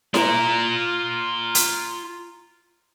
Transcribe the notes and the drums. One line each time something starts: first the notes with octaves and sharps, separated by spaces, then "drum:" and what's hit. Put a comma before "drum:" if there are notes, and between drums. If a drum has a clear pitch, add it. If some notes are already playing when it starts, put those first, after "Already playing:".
F4 A#5, drum: snare E4
drum: hi-hat